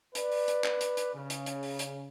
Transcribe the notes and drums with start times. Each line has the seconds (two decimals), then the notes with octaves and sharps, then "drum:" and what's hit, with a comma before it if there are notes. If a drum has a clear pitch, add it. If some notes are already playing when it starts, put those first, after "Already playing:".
0.15 B4 D5, drum: hi-hat
0.32 drum: open hi-hat
0.48 drum: hi-hat
0.64 drum: clap
0.81 drum: hi-hat
0.97 drum: hi-hat
1.14 C#3
1.30 drum: hi-hat
1.46 drum: hi-hat
1.63 drum: open hi-hat
1.79 drum: hi-hat